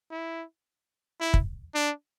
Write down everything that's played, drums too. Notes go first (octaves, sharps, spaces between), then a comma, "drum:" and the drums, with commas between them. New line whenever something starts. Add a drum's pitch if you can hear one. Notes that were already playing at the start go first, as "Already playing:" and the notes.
E4
E4
drum: kick
D4